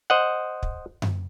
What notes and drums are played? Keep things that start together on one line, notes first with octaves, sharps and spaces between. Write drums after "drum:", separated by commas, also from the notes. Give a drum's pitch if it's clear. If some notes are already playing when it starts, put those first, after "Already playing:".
C5 D#5 F#5
drum: kick
drum: tom F#2